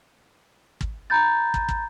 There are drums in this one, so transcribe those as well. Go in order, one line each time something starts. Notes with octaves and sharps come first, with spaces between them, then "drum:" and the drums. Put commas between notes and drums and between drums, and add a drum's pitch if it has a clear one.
drum: kick
A#5 B5 G6 A6
drum: kick
drum: kick